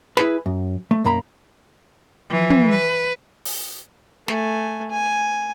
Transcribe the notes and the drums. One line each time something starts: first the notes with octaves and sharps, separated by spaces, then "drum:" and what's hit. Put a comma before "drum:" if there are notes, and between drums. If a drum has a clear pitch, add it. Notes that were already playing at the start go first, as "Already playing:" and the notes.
E4 G#4 B4, drum: snare
F#2
A3
B1 F#2 A#3 A#5 B5
E3 F3
drum: tom
B4
drum: open hi-hat
A3 G#5, drum: snare
G#5